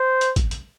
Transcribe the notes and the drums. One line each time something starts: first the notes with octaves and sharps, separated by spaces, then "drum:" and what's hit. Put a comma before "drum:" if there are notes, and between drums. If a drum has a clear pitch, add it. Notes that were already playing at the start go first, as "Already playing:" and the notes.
Already playing: C5
drum: hi-hat
drum: kick, hi-hat
drum: hi-hat